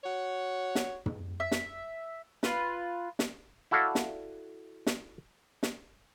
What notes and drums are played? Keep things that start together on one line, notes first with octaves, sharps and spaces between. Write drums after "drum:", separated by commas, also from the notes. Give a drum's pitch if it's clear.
F#4 C#5
drum: snare
drum: tom
E5
drum: snare
F4 B4, drum: snare
drum: snare
E4 F#4 A4 D5 F5 F#5
drum: snare
drum: snare
drum: snare